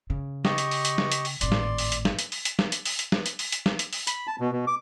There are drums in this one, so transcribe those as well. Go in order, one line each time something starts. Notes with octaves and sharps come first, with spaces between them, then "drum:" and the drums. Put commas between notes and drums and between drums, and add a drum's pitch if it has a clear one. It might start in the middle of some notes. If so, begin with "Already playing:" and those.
C#3
G4 D#5 C#6, drum: snare
drum: hi-hat
drum: open hi-hat
drum: hi-hat
drum: snare
drum: hi-hat
drum: open hi-hat
G#1 A2 D5 C6, drum: hi-hat
drum: snare
drum: open hi-hat
drum: hi-hat
drum: snare
drum: hi-hat
drum: open hi-hat
drum: hi-hat
drum: snare
drum: hi-hat
drum: open hi-hat
drum: hi-hat
drum: snare
drum: hi-hat
drum: open hi-hat
drum: hi-hat
drum: snare
drum: hi-hat
drum: open hi-hat
B5, drum: hi-hat
A5
B2
B2
D6